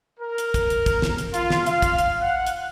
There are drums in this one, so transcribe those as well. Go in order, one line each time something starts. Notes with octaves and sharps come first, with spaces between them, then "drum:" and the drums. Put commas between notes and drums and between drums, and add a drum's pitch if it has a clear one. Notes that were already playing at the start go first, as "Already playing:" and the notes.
A#4
drum: hi-hat
drum: kick, hi-hat
drum: hi-hat
drum: kick, hi-hat
drum: snare
drum: hi-hat
F4, drum: hi-hat
drum: snare
F5, drum: hi-hat
drum: kick, hi-hat
drum: hi-hat
F#5
drum: hi-hat